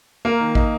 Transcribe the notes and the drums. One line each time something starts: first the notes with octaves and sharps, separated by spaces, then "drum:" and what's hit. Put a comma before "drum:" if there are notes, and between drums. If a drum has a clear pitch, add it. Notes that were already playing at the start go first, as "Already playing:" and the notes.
A#3 A#4
D#3
D#4, drum: kick